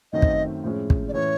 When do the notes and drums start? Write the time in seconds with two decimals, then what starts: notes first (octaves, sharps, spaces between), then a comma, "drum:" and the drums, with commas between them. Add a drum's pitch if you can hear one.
0.13 F#2 D#3 F#3 A3 C4 D#5
0.22 drum: kick
0.63 A2 F3 G#3 C#4
0.90 drum: kick
1.08 D5
1.13 A2 E3 A3 C#4 C#5